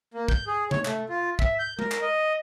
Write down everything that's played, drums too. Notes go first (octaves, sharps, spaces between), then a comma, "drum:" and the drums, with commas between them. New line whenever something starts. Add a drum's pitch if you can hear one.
A#3
G6, drum: kick
G#4
C#5, drum: tom C3
A3, drum: clap
F4
E5, drum: kick
G6
A#4, drum: tom G#3
drum: clap
D#5